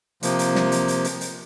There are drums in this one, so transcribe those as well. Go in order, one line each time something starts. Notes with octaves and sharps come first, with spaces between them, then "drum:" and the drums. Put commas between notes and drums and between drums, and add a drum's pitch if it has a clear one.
C3 F3 A#3, drum: hi-hat
drum: hi-hat
drum: snare
drum: hi-hat
drum: hi-hat
drum: hi-hat
drum: hi-hat